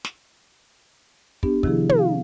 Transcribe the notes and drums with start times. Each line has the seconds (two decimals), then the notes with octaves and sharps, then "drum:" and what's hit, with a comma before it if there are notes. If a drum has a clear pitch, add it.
0.05 drum: snare
1.43 B3 D4 G4, drum: kick
1.63 C3 D#3 F3 E4 G#4, drum: kick
1.89 drum: tom
1.99 F5